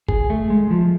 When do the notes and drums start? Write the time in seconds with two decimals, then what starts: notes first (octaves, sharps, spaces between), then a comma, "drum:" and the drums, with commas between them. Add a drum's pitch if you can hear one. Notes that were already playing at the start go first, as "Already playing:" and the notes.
0.09 G#4, drum: kick G1
0.30 A3
0.50 G#3
0.71 F3